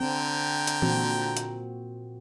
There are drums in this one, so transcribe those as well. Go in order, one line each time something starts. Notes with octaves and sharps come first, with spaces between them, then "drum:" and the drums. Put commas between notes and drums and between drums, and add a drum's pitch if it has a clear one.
D3 C4 G5 A#5
drum: hi-hat
A#2 C4 F#4, drum: tom E3
drum: hi-hat